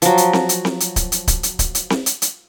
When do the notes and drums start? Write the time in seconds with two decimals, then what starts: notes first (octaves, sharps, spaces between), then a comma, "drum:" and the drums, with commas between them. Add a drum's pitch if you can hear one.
0.02 F3 F#3, drum: hi-hat
0.18 drum: hi-hat
0.33 drum: snare C4
0.49 drum: hi-hat
0.65 drum: snare C4
0.80 drum: hi-hat
0.96 drum: kick D1, hi-hat
1.12 drum: hi-hat
1.27 drum: kick D1, hi-hat
1.43 drum: hi-hat
1.59 drum: kick D1, hi-hat
1.75 drum: hi-hat
1.90 drum: snare C4
2.06 drum: hi-hat
2.22 drum: hi-hat